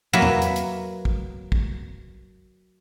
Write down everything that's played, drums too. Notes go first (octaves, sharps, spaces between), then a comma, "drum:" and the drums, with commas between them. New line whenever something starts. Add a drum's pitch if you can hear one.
F#3 A#3 B4 E5 A#5
drum: tom E2
drum: hi-hat
drum: hi-hat
drum: kick
drum: kick